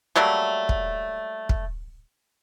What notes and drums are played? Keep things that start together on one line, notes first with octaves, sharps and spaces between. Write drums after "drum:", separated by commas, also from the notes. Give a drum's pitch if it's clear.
F#3 G3 A3 A#3
drum: kick
drum: kick